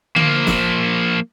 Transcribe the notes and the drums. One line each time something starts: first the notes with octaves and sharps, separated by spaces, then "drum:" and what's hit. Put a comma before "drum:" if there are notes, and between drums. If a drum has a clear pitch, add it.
F3 A#3, drum: tom D3
drum: snare